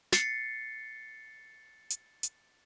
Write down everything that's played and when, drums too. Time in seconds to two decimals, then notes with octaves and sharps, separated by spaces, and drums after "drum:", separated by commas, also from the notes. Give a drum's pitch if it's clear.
0.12 A6 C7 C#7, drum: snare
1.90 drum: hi-hat
2.23 drum: hi-hat